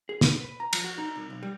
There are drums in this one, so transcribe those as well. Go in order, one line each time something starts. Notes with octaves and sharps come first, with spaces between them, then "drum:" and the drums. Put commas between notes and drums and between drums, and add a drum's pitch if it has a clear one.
G#4
B2, drum: snare
B4
A#5
F3, drum: cymbal
F#4
D#4
C2
B1
G3